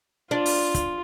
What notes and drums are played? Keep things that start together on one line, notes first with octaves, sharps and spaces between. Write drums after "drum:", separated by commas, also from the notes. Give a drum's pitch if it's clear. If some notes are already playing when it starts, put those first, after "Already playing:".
D4 F4
drum: open hi-hat
drum: kick, hi-hat